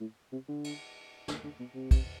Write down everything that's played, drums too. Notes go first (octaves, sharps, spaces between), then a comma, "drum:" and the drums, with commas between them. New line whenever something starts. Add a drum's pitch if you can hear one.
A2
C3
D3
drum: cymbal
D3, drum: snare
D3
B2
C3
drum: kick, cymbal